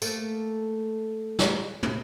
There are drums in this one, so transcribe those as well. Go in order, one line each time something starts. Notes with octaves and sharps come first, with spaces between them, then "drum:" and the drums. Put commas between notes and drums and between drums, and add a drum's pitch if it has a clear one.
A3 A#3, drum: tambourine
drum: snare
drum: tom